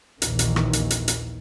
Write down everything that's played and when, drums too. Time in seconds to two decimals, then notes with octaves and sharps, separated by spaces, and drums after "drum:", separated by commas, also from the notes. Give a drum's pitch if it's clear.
0.22 A#1 D#2 A#2 D#3 E3, drum: hi-hat
0.39 drum: hi-hat
0.56 drum: rim click
0.73 drum: hi-hat
0.90 drum: hi-hat
1.08 drum: hi-hat